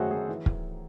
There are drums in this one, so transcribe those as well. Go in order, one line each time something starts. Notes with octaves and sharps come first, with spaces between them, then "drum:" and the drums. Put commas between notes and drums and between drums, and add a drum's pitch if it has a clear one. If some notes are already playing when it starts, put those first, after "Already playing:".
Already playing: F#2 D#3 A3 F#4 G#4 A4 C5
F#2 G#4
E3
drum: kick